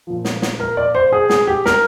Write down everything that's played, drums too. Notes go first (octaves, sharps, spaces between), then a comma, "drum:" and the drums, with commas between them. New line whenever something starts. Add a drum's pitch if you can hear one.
A#2 F3
drum: snare
drum: snare
A#4
D5
C5
G#4
G#4, drum: snare
G4
A#4, drum: snare